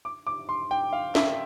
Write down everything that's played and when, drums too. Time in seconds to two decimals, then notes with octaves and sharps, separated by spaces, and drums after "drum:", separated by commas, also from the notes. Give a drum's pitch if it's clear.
0.05 D6
0.27 D6
0.49 C6
0.71 G5
0.93 F5
1.15 E5, drum: snare